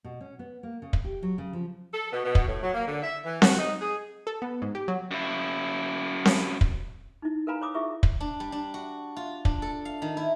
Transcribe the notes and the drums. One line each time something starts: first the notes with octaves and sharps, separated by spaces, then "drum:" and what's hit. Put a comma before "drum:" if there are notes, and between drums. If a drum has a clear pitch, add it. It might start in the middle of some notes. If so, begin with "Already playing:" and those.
B2
C#4
B3
A#3
C#3
drum: kick
G4
F#3
C#3
F3
A4
B2
B2
drum: kick
A2
F#3
A#3
D3
E5
E3
F#4, drum: snare C4
D#4
G#4
A4
B3
G#2
G4
F#3
F#2 E4
drum: snare C4
drum: kick
D#4 E4
A#4 B4 F5 G#5 A#5 B5
C#5 B5 D6 D#6
E4 F4 G#4 E5 C#6
drum: kick
D4
G3
D4
F#4
F4
D4, drum: kick
A4
F5
D#3
E4